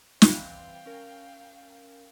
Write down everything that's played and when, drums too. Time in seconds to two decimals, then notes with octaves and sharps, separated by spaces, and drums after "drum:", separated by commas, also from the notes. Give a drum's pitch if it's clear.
0.22 E3 G3 C4 F5 G5, drum: snare
0.86 C#4 A#4